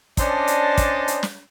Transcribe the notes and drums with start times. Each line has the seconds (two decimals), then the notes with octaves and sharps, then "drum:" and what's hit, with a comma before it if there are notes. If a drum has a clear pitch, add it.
0.17 C#4 D4 C5 D5 D#5 A5, drum: kick, hi-hat
0.47 drum: hi-hat
0.78 drum: kick, hi-hat
1.08 drum: hi-hat
1.23 drum: snare